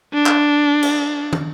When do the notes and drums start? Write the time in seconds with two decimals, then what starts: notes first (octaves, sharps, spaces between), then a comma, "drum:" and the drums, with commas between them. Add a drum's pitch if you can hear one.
0.13 D4
0.26 drum: clap
0.83 drum: cymbal
1.33 drum: tom